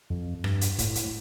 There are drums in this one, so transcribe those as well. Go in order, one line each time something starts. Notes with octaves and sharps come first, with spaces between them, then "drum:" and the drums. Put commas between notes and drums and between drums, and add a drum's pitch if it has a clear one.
F2
G2, drum: rim click
drum: hi-hat
A2, drum: kick E1, hi-hat
drum: hi-hat